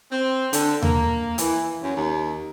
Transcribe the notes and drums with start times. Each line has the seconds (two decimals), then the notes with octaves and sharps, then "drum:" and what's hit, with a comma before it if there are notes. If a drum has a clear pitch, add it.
0.12 C4
0.53 D3, drum: hi-hat
0.82 A#3, drum: tom D#2
1.38 E3, drum: hi-hat
1.82 F#2
1.96 D#2